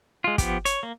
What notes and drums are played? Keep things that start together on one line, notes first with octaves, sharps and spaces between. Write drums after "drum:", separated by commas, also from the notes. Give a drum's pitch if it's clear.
G#3 F4
F3 B3 G4, drum: kick, hi-hat
C#5, drum: hi-hat
A#3